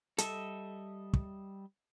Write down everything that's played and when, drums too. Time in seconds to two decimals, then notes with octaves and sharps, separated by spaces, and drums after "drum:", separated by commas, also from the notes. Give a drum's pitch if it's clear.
0.18 G3 A4 D#5 E5, drum: hi-hat
1.13 drum: kick